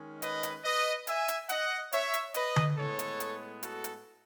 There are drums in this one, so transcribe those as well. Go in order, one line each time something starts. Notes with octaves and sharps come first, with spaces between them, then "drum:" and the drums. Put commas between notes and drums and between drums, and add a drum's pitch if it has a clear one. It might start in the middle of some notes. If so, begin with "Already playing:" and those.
Already playing: D#3 G#3 C#4
B4 D#5, drum: hi-hat
drum: hi-hat
B4 D#5
E5 G#5, drum: hi-hat
drum: hi-hat
D#5 F#5, drum: hi-hat
C#5 E5, drum: hi-hat
drum: hi-hat
B4 D#5, drum: hi-hat
drum: tom D3
A2 G#3 B3 A4 C#5
drum: hi-hat
drum: hi-hat
F#4 A4, drum: hi-hat
drum: hi-hat